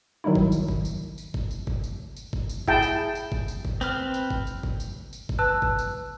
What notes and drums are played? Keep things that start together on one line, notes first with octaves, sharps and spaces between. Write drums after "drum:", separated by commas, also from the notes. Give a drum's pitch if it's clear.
D#3 F#3 G3 D#4 E4
drum: kick
drum: tambourine
drum: kick
drum: tambourine
drum: tambourine
drum: kick
drum: tambourine
drum: kick
drum: tambourine
drum: tambourine
drum: kick
drum: tambourine
E4 G#4 G5 A5, drum: kick
drum: tambourine
drum: tambourine
drum: kick
drum: tambourine
drum: kick
C4 B4 F6, drum: tambourine
drum: tambourine
drum: kick
drum: tambourine
drum: kick
drum: tambourine
drum: tambourine
drum: kick
B4 A5 E6 F#6
drum: kick
drum: tambourine